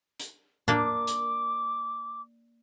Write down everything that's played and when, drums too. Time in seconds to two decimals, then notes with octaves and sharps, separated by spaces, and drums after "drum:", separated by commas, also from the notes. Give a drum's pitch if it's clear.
0.20 drum: hi-hat
0.68 A#3 D4 D6, drum: tom A2
1.07 drum: hi-hat